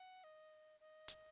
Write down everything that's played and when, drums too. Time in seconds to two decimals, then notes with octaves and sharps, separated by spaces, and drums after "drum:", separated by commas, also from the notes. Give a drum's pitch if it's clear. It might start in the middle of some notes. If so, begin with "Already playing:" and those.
Already playing: F#5
0.24 D#5
0.80 D#5
1.08 drum: hi-hat